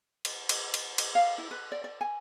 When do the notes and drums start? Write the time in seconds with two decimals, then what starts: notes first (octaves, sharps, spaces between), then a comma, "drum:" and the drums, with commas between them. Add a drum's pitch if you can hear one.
0.25 drum: cymbal
0.49 drum: cymbal
0.74 drum: cymbal
0.98 drum: cymbal
1.15 F5
1.38 E4
1.51 B4
1.72 D5
1.84 D5
2.01 G#5